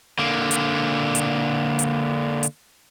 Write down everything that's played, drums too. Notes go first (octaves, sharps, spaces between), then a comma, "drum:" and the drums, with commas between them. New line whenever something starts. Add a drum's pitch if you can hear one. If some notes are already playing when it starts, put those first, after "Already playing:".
D3 A#3
drum: hi-hat
drum: hi-hat
drum: hi-hat
drum: hi-hat